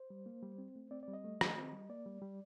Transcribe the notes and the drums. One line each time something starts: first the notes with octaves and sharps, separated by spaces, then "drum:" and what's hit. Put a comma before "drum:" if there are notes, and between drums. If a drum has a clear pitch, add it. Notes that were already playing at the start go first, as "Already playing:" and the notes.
Already playing: C5
G3
A#3
G3
C4
A3
C4 D5
D5
G3
D#5
A3
D#3, drum: rim click
C4
G3
A#3 D5
G3
G3